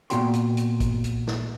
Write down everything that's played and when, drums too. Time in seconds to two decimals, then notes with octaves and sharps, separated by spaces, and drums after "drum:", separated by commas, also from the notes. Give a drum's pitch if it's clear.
0.10 A#2 A#3 B3 F#4 G5 C6, drum: hi-hat
0.33 drum: hi-hat
0.57 drum: hi-hat
0.80 drum: kick, hi-hat
1.04 drum: hi-hat
1.27 drum: snare